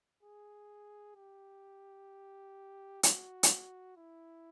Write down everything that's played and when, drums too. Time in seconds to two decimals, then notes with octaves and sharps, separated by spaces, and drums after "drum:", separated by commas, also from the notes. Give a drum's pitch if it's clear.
0.23 G#4
1.16 G4
3.03 F#4, drum: hi-hat
3.43 drum: hi-hat
3.97 E4